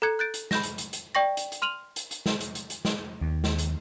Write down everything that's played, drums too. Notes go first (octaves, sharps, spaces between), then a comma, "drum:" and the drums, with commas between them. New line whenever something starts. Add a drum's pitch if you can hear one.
A4 A#5 F#6 G#6 C#7
F#6 G6 A6 D7
drum: hi-hat
B5 G6 A#6, drum: snare
drum: hi-hat
drum: hi-hat
drum: hi-hat
D5 G5 C#6 A#6
drum: hi-hat
drum: hi-hat
C6 F6 D#7 F7 F#7
drum: hi-hat
drum: hi-hat
drum: snare
drum: hi-hat
drum: hi-hat
drum: hi-hat
drum: snare
D#2
drum: snare
drum: hi-hat